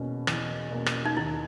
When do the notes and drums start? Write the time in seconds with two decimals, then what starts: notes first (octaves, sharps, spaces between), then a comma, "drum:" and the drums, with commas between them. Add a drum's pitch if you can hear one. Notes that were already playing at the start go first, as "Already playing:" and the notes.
Already playing: E2 B2 A#3 C#4
0.27 E2, drum: rim click
0.71 B2 A#3 C#4
0.86 drum: rim click
1.05 D#4
1.17 D#2 E4